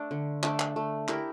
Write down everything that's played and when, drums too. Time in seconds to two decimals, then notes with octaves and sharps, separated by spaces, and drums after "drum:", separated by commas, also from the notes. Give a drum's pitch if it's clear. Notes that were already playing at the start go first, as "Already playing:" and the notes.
Already playing: A3 D4 A4
0.11 D3
0.43 A3 D4 A4, drum: clap
0.60 drum: clap
0.76 A3
1.08 E4 G4 A#4, drum: clap